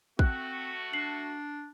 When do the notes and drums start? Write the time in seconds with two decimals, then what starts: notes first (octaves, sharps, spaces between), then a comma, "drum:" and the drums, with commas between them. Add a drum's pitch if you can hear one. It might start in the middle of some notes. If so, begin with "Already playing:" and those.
0.19 A3 C4 F#4 F#6, drum: kick
0.93 D4 C7 F#7